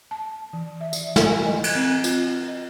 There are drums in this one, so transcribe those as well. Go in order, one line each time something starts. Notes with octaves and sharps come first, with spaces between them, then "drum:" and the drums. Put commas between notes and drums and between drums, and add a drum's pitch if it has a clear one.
A5
E3
E5
E3, drum: tambourine
drum: snare
G#5
D#5
drum: cymbal
C4
F4, drum: tambourine
D#5